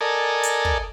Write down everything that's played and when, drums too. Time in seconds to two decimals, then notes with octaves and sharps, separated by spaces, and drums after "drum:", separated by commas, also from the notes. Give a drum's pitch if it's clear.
0.01 A4 A#4 D5 D#5 G#5
0.43 drum: hi-hat
0.65 drum: kick